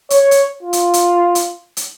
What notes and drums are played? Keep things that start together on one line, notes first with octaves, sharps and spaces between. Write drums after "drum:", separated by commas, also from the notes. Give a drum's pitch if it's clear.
C#5, drum: hi-hat
drum: hi-hat
F4
drum: hi-hat
drum: hi-hat
drum: hi-hat
drum: hi-hat